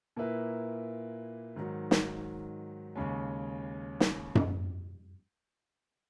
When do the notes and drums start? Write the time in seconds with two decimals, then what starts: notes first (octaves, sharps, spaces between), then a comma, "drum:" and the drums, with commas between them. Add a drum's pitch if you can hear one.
0.16 A#2 A#3 E4 B4
1.56 G#2 D#3 F#3
1.91 drum: snare
2.96 D#2 C#3 G#3 C#4
4.00 drum: snare
4.35 drum: tom F#2